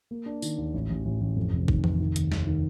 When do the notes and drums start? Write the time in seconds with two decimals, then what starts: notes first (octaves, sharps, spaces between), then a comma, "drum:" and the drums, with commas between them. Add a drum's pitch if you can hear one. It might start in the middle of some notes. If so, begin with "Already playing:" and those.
0.11 A#3
0.26 D4
0.42 D#3, drum: tambourine
0.58 D#2
0.74 A1
0.90 A1
1.05 A1
1.21 A1
1.36 F2
1.53 F1
1.68 D#3, drum: kick
1.84 F1, drum: tom E3
2.00 D#3
2.16 D#2, drum: hi-hat
2.32 D#2, drum: snare
2.47 D#3